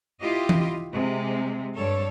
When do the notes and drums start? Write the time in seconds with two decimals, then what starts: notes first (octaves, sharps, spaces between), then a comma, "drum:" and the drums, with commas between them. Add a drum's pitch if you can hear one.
0.20 E4 F4 G4 D#5
0.49 drum: tom E3
0.92 C3 G#3
1.76 G2 G3 A4 C#5